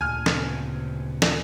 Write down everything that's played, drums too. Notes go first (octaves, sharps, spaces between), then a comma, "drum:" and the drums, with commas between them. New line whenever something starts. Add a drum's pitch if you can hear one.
D2 A#2 G#5 F6
C#3 B3 C4, drum: snare
drum: snare